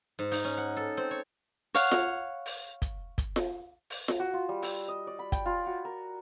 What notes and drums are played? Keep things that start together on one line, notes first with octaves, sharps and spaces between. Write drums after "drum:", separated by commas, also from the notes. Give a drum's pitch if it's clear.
G#2
D#4, drum: open hi-hat
C#4
F#5
A4
C4
C#5
C#5 F5 F#5, drum: open hi-hat
drum: snare F4
drum: open hi-hat
drum: kick, hi-hat
drum: kick, hi-hat
drum: snare F4
drum: open hi-hat
drum: snare F4
F#4
F4
G3
E6, drum: open hi-hat
D#5
D5
B5
G5, drum: kick, hi-hat
F4
F#4
A#4